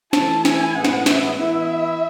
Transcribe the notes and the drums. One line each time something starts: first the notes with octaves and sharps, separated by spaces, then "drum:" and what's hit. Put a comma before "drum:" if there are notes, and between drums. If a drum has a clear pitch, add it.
E3 A3 E4 A5, drum: snare
G#5, drum: snare
A2 E3 G#3 B3 F#5
drum: snare
E5, drum: snare
E3 B3 E4 E5